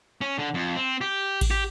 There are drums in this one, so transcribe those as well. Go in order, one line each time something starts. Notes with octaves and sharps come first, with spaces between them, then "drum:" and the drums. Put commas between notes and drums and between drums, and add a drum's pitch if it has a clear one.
C#4
D3
F2
C4
G4
drum: kick A1, cymbal
G4